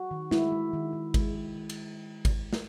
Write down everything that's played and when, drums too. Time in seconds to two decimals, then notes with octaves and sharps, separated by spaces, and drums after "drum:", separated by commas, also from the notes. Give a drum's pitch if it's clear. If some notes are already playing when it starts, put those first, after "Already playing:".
Already playing: F#4
0.11 D#3
0.31 G#3 E4, drum: snare
0.52 G#3
0.73 D#3
0.93 D#3
1.14 G#3, drum: kick G#1, cymbal
1.35 G#3
1.56 D#3
1.70 drum: cymbal
2.25 drum: kick G#1, cymbal
2.53 drum: snare